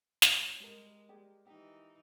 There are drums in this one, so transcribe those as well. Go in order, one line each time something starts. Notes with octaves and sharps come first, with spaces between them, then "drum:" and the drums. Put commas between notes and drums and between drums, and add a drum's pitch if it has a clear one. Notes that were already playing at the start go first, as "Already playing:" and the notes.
A1 C#5, drum: snare
G3 G#3 A#4
G4 G#4 D5
E3 D#4 G4